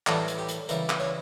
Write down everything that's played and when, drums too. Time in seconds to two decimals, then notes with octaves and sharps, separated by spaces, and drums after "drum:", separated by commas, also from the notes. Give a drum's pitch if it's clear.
0.07 A2 E3 G3 D4, drum: clap
0.28 drum: hi-hat
0.38 G4
0.48 drum: hi-hat
0.69 C#3 E3 G3 A#4, drum: hi-hat
0.90 drum: clap
1.00 C#5